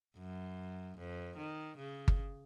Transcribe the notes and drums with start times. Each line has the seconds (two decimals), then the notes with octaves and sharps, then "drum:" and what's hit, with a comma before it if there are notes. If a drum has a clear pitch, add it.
0.18 F#2
0.98 F2
1.37 D#3
1.78 C#3
2.08 drum: kick G1